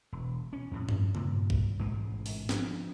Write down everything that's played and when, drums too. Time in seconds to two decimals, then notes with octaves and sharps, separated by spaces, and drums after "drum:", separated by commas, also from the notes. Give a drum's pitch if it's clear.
0.12 E1
0.53 C#4
0.71 F2 A2
0.89 drum: tom G2
1.15 G2 A#2, drum: tom C#3
1.50 drum: kick A#1
1.79 A1 G#2 B2 G#3
2.26 drum: open hi-hat
2.49 F3 C4 D4, drum: snare